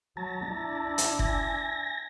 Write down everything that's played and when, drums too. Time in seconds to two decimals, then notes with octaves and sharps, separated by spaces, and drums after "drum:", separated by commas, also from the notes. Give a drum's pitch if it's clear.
0.17 F#3 A5 A#5
0.49 D4 E4
0.98 drum: hi-hat
1.19 G#5 A#6, drum: kick F#1